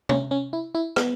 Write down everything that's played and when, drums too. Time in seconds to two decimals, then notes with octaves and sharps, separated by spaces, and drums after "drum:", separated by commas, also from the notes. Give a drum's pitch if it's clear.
0.09 C#4, drum: tom
0.31 C#4
0.53 E4
0.75 E4
0.96 B3, drum: rim click